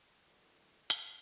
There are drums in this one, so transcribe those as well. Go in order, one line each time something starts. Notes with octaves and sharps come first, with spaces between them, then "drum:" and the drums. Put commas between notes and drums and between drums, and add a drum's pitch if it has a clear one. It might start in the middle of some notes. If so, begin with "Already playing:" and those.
D3 E3 F#3 G#3 A#3 C4
drum: hi-hat